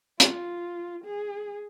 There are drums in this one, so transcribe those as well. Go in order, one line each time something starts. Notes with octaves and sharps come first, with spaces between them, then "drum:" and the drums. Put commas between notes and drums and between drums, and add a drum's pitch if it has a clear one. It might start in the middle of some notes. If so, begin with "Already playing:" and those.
F4, drum: hi-hat
G#4